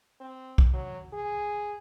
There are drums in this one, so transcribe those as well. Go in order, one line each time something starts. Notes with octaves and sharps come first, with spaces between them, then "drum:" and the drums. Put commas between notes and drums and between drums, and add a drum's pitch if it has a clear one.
C4
drum: kick
F#3
G#4